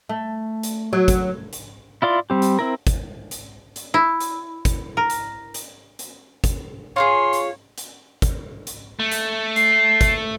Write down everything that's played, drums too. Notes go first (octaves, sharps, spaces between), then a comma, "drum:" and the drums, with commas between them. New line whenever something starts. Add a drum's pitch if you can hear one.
A3
drum: hi-hat
F#3
drum: kick, hi-hat
drum: hi-hat
E4 F4 D5 C6
G3 C4 G4
drum: hi-hat
C4 E4 A#4
drum: kick, hi-hat
drum: hi-hat
drum: hi-hat
E4
drum: hi-hat
drum: kick, hi-hat
A#4
drum: hi-hat
drum: hi-hat
drum: hi-hat
drum: kick, hi-hat
F4 F#4 G#4 C#5 C6
drum: hi-hat
drum: hi-hat
drum: kick, hi-hat
drum: hi-hat
A3
drum: hi-hat
C7, drum: hi-hat
drum: kick, hi-hat